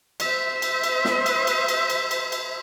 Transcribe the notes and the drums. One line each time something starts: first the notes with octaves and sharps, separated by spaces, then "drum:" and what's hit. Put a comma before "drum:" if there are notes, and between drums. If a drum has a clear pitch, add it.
C5 E5, drum: cymbal
drum: cymbal
drum: cymbal
drum: snare
drum: cymbal
drum: cymbal
drum: cymbal
drum: cymbal
drum: cymbal
drum: cymbal